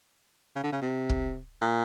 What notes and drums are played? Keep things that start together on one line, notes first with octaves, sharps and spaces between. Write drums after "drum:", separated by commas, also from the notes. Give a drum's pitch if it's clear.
C#3
D3
C#3
C3
drum: kick
A#2